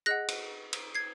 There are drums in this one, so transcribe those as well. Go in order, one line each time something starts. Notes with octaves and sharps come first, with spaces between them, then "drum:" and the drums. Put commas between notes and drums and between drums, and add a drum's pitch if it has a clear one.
G#4 D#5 F#5 F#6 A#6
drum: cymbal
drum: cymbal
G#6 C7